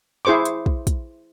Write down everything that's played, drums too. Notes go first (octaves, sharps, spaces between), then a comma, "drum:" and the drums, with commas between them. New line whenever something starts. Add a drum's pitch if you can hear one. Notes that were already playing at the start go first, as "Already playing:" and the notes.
E4 G#4 C5 C#6 D6
drum: hi-hat
drum: kick
drum: kick, hi-hat